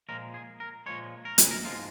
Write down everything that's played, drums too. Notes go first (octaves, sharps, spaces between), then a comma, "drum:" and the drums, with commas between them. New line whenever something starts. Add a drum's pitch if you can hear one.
A#2 F3 G#3 A#4
G#4
A#4
A#2 F3 G#3 C#5
A#4
G#4, drum: hi-hat
A#4
G#2 F3 G#3 F4